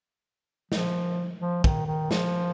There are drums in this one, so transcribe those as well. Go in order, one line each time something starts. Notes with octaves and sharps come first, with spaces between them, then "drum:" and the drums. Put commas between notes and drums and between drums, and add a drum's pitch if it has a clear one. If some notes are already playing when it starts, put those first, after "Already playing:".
F3, drum: snare
F3
D#3, drum: kick
D#3
F3, drum: snare